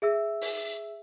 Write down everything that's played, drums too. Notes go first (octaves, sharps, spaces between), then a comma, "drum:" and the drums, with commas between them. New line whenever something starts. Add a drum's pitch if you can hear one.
G#4 E5 E6
drum: open hi-hat